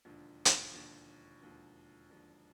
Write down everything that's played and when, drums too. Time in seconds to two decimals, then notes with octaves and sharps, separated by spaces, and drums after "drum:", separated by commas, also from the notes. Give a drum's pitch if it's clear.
0.05 E1 D#2 D3 F3
0.45 drum: hi-hat
0.73 E1 D#2 D3 F3
1.42 E1 D#2 D3 F3
2.10 E1 D#2 D3 F3